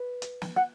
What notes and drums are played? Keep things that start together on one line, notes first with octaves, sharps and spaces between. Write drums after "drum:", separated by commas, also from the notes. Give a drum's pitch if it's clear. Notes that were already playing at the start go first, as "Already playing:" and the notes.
Already playing: B4
drum: hi-hat
drum: snare
F#5